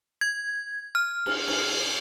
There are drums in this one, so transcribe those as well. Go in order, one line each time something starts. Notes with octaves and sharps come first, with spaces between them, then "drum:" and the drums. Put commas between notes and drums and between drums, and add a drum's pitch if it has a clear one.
G#6
F6
drum: cymbal
drum: cymbal